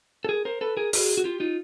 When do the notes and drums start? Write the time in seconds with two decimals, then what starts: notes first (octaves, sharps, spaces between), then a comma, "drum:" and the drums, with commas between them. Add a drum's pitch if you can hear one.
0.24 A4
0.29 G#4 A#4
0.45 A#4 C5
0.61 A4 B4
0.77 G#4 A#4
0.93 F#4 G#4, drum: open hi-hat
1.17 F#4
1.24 F4 G4
1.40 D#4 F4